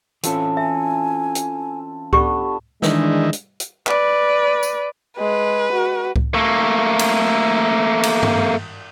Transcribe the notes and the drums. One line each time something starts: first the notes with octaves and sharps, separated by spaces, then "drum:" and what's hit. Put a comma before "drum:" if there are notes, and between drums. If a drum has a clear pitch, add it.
E3 C4 C#4 F4 A4 C#5, drum: hi-hat
E5 G#5
drum: hi-hat
B3 D4 G4 A4 C#6, drum: kick C#2
D#3 E3 G#3 D4, drum: snare
drum: hi-hat
drum: hi-hat
B4 D5, drum: clap
drum: tambourine
G#3 B4
F#4
drum: kick C#2
A3 A#3
drum: cymbal
drum: cymbal
drum: tom G2